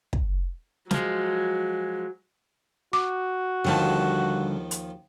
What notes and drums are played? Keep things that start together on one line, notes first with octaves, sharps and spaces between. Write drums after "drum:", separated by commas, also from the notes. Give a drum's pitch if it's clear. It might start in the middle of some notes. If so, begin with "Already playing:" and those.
drum: kick
F3 F#3 G#3, drum: snare
F#4 D6
D#2 D3 D#3 F3 G3 A5
drum: hi-hat